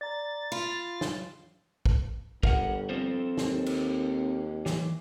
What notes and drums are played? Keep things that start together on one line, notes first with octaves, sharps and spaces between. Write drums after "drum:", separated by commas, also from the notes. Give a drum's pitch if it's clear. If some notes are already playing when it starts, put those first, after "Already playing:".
D5 A#5 A6
F4 B5
drum: snare
drum: kick
G1 A#4 F5 F#5, drum: kick
C4 A4 C5
D#2, drum: snare
drum: cymbal
E3, drum: snare